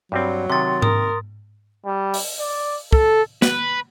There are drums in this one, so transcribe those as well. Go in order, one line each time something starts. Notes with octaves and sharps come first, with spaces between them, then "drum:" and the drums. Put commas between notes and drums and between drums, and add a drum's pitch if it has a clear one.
G2 F#3 G3 C4
C3 D#3 C6 A6
A#4 D#6, drum: tom G#2
G3
drum: open hi-hat
D5
A4, drum: kick
B4, drum: snare